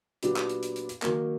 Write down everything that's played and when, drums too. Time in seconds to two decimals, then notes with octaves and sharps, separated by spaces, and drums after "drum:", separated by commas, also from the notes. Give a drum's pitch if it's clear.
0.23 A#2 F#3 B3 D4 G4, drum: hi-hat
0.36 drum: clap
0.49 drum: hi-hat
0.63 drum: hi-hat
0.76 drum: hi-hat
0.89 drum: hi-hat
1.02 D#3 F#3 A#3, drum: clap